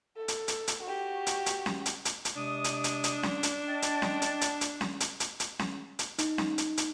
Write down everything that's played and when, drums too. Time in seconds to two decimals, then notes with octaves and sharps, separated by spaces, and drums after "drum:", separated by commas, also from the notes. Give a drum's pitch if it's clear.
0.17 A4
0.28 drum: hi-hat
0.48 drum: hi-hat
0.67 drum: hi-hat
0.83 F#4 G4
1.27 drum: hi-hat
1.46 drum: hi-hat
1.66 drum: snare C#4
1.86 drum: hi-hat
2.05 drum: hi-hat
2.25 drum: hi-hat
2.36 C3 G#3 D4 D#6
2.64 drum: hi-hat
2.84 drum: hi-hat
3.04 drum: hi-hat
3.23 drum: snare C#4
3.43 drum: hi-hat
3.68 D#5 G5 A5
3.82 drum: hi-hat
4.02 drum: snare C#4
4.22 drum: hi-hat
4.41 drum: hi-hat
4.61 drum: hi-hat
4.81 drum: snare C#4
5.00 drum: hi-hat
5.20 drum: hi-hat
5.40 drum: hi-hat
5.59 drum: snare C#4
5.99 drum: hi-hat
6.18 D#4, drum: hi-hat
6.38 drum: snare C#4
6.58 drum: hi-hat
6.77 drum: hi-hat